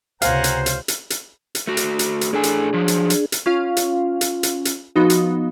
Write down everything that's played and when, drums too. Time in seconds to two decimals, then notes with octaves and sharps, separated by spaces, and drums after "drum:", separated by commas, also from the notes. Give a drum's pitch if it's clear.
0.22 C#2 C3 C5 F5 F#5 G#5 A#5, drum: hi-hat
0.44 drum: hi-hat
0.66 drum: hi-hat
0.88 drum: hi-hat
1.10 drum: hi-hat
1.55 drum: hi-hat
1.67 A3 F#4
1.77 drum: hi-hat
1.99 drum: hi-hat
2.21 drum: hi-hat
2.33 A2 D4 G#4 A4 G#5
2.43 drum: hi-hat
2.73 F3 F#3
2.88 drum: hi-hat
3.10 drum: hi-hat
3.32 drum: hi-hat
3.46 C#4 F4 F5
3.77 drum: hi-hat
4.21 drum: hi-hat
4.43 drum: hi-hat
4.65 drum: hi-hat
4.96 F3 B3 D#4 F#4
5.10 drum: hi-hat